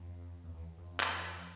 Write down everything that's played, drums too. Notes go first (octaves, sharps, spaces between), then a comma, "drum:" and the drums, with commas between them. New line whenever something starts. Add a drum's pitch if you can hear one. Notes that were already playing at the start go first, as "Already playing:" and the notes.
Already playing: F2
E2
E2
F2
drum: clap